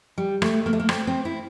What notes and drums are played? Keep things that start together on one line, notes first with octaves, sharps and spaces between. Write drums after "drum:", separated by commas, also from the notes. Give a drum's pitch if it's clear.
G3
A3, drum: rim click
A#3
A3
A#3
C4, drum: rim click
C4
E4